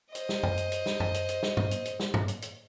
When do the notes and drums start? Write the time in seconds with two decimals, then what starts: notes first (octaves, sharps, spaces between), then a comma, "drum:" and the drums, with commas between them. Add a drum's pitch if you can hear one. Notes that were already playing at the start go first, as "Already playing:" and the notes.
0.15 C5 D#5, drum: hi-hat
0.29 drum: snare
0.43 drum: tom F#2
0.58 drum: hi-hat
0.72 drum: hi-hat
0.86 drum: snare
1.00 drum: tom F#2
1.14 drum: hi-hat
1.29 drum: hi-hat
1.43 drum: snare
1.57 drum: tom G2
1.71 drum: hi-hat
1.85 drum: hi-hat
2.00 drum: snare
2.14 drum: tom G2
2.28 drum: hi-hat
2.42 drum: hi-hat